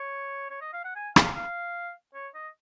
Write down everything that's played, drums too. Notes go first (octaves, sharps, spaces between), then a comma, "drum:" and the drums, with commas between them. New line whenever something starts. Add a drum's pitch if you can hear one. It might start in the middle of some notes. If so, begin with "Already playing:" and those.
Already playing: C#5
C#5
D#5
F5
F#5
G#5
F5, drum: rim click
F5
C#5
D#5